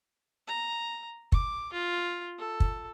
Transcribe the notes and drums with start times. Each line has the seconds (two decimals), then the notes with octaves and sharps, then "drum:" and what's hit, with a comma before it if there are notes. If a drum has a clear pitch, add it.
0.48 A#5
1.32 D6, drum: kick
1.73 F4
2.38 A4
2.60 drum: kick